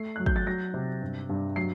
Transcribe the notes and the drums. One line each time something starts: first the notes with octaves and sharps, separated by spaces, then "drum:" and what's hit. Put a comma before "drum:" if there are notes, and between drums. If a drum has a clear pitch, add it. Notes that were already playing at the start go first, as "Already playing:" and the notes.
Already playing: A3 C7
F#3 F#6
G6, drum: kick
A6
F#3 A#6
C3
G2
G2
F#3 C7